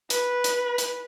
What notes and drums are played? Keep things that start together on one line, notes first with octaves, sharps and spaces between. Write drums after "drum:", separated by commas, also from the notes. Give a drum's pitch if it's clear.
B4, drum: hi-hat
drum: hi-hat
drum: hi-hat